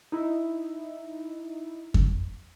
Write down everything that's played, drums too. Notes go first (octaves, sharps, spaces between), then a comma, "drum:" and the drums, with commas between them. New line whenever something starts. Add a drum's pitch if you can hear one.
D#4 E4
drum: kick F2